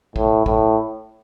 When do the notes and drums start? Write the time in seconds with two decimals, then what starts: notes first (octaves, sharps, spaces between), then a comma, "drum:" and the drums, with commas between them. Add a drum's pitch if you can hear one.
0.16 A2, drum: kick
0.46 A2, drum: kick